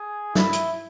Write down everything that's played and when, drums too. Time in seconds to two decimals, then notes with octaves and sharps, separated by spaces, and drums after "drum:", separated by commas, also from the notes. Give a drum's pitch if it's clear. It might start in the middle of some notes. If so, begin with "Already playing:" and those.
Already playing: G#4
0.35 E4, drum: snare
0.53 drum: hi-hat